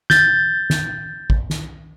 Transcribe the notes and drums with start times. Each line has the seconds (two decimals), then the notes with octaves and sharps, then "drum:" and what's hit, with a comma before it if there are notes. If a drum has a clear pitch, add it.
0.10 G6 A6, drum: snare
0.70 drum: snare
1.30 drum: kick
1.50 drum: snare